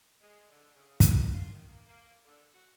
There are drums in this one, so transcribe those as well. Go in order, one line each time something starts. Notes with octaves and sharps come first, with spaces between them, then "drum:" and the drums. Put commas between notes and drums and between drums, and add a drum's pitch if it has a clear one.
G#3
D3
C#3
B3, drum: kick, hi-hat
F4
D#3
A#3
A#3
D3
F#4